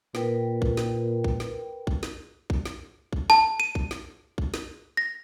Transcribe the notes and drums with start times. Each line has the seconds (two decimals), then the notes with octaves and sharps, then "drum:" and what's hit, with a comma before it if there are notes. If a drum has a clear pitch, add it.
0.15 A#2 A#4 B4 G5, drum: snare
0.62 drum: kick
0.77 drum: snare
1.24 drum: kick
1.40 drum: snare
1.87 drum: kick
2.03 drum: snare
2.50 drum: kick
2.65 drum: snare
3.13 drum: kick
3.30 A5, drum: snare
3.60 D#7
3.75 drum: kick
3.91 drum: snare
4.38 drum: kick
4.54 drum: snare
4.97 A#6